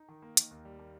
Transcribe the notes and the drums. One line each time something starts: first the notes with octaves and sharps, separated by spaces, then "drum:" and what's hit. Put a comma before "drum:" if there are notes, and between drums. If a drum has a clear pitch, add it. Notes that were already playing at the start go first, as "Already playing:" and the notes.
Already playing: D#4
D#3
A#3
D#3, drum: hi-hat
D#2
G3
A#3